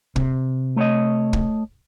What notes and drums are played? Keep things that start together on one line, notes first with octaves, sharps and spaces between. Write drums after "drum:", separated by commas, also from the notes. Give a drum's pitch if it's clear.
C3, drum: kick
A3 C#5 D#5
drum: kick